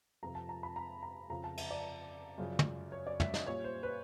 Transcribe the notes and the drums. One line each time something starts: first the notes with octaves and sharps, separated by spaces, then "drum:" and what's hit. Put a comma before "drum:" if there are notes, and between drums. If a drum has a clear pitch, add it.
F2 C3 F3 A#5
A5
A#5
B5
A#5
A#5
F2 C#3 F3 A#5
A5
E5, drum: cymbal
D5
F#2 C#3 F3
drum: tom
C#5
D5
E5, drum: tom
D#5, drum: snare
A#2 G3 C#5
C5
B4